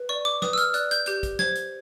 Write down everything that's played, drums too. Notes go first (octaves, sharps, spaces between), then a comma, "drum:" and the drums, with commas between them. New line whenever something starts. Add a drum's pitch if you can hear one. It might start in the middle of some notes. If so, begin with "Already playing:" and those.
Already playing: B4
D5 C#6
D6
B4 D#6, drum: snare
E6
F6, drum: hi-hat
D5 F#6, drum: hi-hat
G6, drum: hi-hat
G4 G6, drum: hi-hat
drum: kick, hi-hat
C5 G#6, drum: snare
drum: hi-hat